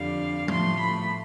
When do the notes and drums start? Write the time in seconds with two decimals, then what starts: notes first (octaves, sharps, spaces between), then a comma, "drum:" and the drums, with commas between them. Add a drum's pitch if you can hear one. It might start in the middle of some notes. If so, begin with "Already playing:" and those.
Already playing: F2 D3 G3 F5
0.48 A2 F3 A3 C6, drum: tom F3
0.79 B5